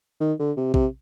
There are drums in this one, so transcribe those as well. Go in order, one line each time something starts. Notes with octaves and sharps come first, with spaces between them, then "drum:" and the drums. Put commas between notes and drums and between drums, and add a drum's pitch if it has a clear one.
D#3
D3
C3
C3, drum: kick A#1